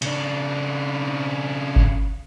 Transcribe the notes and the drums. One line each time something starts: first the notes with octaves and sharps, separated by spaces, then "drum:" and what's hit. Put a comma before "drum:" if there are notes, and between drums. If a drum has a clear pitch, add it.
C#3 D4, drum: hi-hat
drum: kick G1